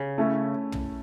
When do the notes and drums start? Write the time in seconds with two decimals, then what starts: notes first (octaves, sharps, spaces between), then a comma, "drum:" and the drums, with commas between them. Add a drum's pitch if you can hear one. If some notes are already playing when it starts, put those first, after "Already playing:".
Already playing: C#3
0.18 A3 C#4 E4 A4
0.72 drum: tom